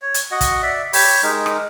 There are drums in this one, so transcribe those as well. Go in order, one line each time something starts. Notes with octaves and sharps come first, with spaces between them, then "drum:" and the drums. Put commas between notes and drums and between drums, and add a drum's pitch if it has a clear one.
C#5
drum: hi-hat
F#4 D#5 F#5
drum: kick, hi-hat
D5 E5
G4 C#5 B5, drum: open hi-hat
G#3 D#4 A#4
drum: rim click